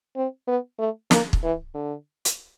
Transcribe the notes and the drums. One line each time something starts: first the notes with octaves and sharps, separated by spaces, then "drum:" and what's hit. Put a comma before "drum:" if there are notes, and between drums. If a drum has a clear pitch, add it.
C4
B3
A3
A#3, drum: snare
drum: kick
E3
D3
drum: hi-hat